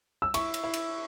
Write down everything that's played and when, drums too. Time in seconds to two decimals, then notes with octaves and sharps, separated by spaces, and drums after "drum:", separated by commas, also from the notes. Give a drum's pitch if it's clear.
0.22 E6
0.34 E4 C#6, drum: cymbal
0.54 drum: cymbal
0.64 E4
0.74 drum: cymbal